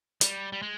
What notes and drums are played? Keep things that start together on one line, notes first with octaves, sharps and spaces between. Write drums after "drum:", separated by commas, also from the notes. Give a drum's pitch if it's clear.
G3, drum: hi-hat
G3
G#3